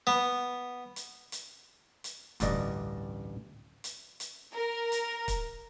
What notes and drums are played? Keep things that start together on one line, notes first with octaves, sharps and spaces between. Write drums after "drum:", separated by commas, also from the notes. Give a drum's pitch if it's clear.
B3
drum: hi-hat
drum: hi-hat
drum: hi-hat
A1 D2 G2 D5 D#5, drum: kick, hi-hat
drum: hi-hat
drum: hi-hat
A#4
drum: hi-hat
drum: kick, hi-hat